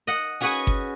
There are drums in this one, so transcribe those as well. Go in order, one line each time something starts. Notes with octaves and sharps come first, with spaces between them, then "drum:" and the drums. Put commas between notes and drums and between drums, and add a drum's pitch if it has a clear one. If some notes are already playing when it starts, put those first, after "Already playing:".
D#5 F#5
C#4 F#4 G#4 B4 F#5 G#5
drum: kick G1